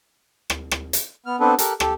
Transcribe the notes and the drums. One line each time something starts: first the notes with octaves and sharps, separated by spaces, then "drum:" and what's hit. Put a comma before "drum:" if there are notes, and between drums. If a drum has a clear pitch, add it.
drum: rim click
drum: rim click
drum: hi-hat
B3 F6
B3 C4 D4 A4 B4
G4 A4 A#4 F#6, drum: hi-hat
G4 A4, drum: rim click